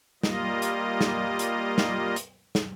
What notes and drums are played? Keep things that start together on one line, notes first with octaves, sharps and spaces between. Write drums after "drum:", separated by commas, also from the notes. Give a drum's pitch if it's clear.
G3 A#3 F4 D#5, drum: snare
drum: hi-hat
drum: snare
drum: hi-hat
drum: snare
drum: hi-hat
drum: snare